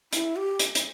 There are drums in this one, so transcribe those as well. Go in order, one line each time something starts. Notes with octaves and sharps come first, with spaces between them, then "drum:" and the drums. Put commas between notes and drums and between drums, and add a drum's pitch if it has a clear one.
E4, drum: hi-hat
G4
drum: hi-hat
drum: hi-hat